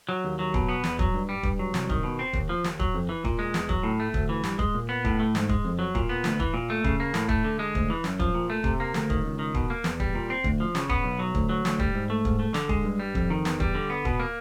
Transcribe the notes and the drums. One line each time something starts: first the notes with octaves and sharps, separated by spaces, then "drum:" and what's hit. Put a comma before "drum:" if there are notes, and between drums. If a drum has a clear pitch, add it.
F#3
D#2
F#3
B2, drum: kick
B3
E2, drum: snare
F#3, drum: kick
G2
G3
G2, drum: kick
F#3
C2, drum: snare
D#3, drum: kick
B2
C4
D#2, drum: kick
F3
D#2, drum: snare
F#3, drum: kick
F2
E3
A#2, drum: kick
G#3
E2, drum: snare
F#3, drum: kick
A2
A3
D2, drum: kick
E3
G2, drum: snare
G#3, drum: kick
A#2
B3
A2, drum: kick
A3
G#2, drum: snare
G#3, drum: kick
F2
F#3
A#2, drum: kick
B3
D2, drum: snare
E3, drum: kick
A#2
A3
C#3, drum: kick
A#3
A2, drum: snare
A3, drum: kick
D3
G#3
D2, drum: kick
E3
F#2, drum: snare
F3, drum: kick
A#2
A3
C3, drum: kick
A#3
D2, drum: snare
D#3, drum: kick
C#2
D#3
B2, drum: kick
A#3
E2, drum: snare
G3, drum: kick
A#2
C4
D2, drum: kick
F3
C#3, drum: snare
B3, drum: kick
B1
F#3
D2, drum: kick
F#3
D2, drum: snare
G3, drum: kick
G#2
A3
G#2, drum: kick
A3
D3, drum: snare
G#3, drum: kick
G2
G3
F2, drum: kick
D#3
E2, drum: snare
G3, drum: kick
D3
B3
B2, drum: kick
A#3